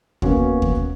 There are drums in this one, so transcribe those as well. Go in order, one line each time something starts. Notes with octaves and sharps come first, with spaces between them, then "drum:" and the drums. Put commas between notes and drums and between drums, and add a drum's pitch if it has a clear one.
A#3 B3 C#4 F#4, drum: kick D#2
drum: kick D#2